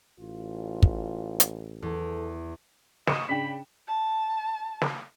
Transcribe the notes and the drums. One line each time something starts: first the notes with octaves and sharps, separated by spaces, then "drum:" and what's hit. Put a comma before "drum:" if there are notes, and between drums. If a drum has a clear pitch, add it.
A1 F4
drum: kick
drum: hi-hat
E2 A4
D#5 C#6 C#7 E7, drum: snare
C#3 D4 G5 B5
A5
drum: snare